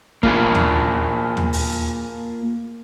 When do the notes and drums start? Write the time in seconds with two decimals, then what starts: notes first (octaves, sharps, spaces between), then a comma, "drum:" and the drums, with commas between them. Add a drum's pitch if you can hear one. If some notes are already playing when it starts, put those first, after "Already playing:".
0.23 A#3 F4 G#4, drum: kick
0.55 drum: tom D#2
1.37 drum: tom D#2
1.53 drum: open hi-hat